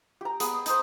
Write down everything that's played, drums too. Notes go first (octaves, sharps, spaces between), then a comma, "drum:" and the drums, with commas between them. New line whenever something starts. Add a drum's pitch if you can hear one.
G4 A#5
B3 G#4, drum: hi-hat
D#4 C5 D#6, drum: hi-hat